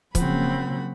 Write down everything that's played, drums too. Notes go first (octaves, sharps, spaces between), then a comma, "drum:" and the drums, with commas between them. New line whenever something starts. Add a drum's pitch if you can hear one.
C#3 F3 F#3 A#3 C4 F#5 B5, drum: kick, hi-hat